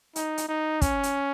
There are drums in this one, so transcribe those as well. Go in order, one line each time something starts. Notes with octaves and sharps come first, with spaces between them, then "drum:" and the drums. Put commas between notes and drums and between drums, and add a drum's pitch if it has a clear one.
D#4, drum: hi-hat
drum: hi-hat
D#4
C#4, drum: kick, hi-hat
drum: hi-hat